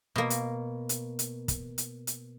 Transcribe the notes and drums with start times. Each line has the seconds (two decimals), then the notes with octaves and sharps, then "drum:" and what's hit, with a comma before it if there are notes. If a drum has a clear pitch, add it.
0.16 B2 A#3
0.30 drum: hi-hat
0.89 drum: hi-hat
1.19 drum: hi-hat
1.48 drum: kick, hi-hat
1.78 drum: hi-hat
2.07 drum: hi-hat